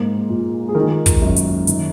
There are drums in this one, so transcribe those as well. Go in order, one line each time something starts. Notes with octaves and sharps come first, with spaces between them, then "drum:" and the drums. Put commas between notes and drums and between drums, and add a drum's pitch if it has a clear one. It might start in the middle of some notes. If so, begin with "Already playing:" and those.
Already playing: G#2 A#3
A#2
G#4
D#3 A#4
drum: kick, hi-hat
F#2
drum: hi-hat
D#3, drum: hi-hat